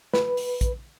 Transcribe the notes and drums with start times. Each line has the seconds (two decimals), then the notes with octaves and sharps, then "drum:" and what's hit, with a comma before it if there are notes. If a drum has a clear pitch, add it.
0.14 B4, drum: snare
0.37 drum: open hi-hat
0.61 drum: kick, hi-hat